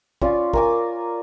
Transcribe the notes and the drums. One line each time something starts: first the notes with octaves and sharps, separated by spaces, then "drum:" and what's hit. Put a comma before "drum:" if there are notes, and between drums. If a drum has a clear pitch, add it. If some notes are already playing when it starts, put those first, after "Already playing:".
C#4 F4 D5, drum: kick
A#4 G#5 D6, drum: kick